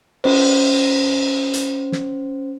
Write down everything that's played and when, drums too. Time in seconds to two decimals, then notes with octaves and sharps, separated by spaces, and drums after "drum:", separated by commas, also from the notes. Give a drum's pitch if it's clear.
0.24 C#4 C5, drum: cymbal
1.53 drum: hi-hat
1.92 drum: snare